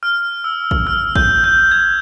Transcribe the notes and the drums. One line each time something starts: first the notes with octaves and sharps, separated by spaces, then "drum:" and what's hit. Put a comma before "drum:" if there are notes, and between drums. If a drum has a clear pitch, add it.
F6
E6
drum: kick A1
F6
G6, drum: kick A1
G6
G#6